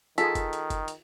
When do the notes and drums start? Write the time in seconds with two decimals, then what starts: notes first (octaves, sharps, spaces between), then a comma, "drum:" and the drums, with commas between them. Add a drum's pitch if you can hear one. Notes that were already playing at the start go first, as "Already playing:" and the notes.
0.18 D#3 F4 G#4 A4 B6, drum: hi-hat
0.35 drum: kick F#1, hi-hat
0.53 drum: hi-hat
0.70 drum: kick F#1, hi-hat
0.88 drum: hi-hat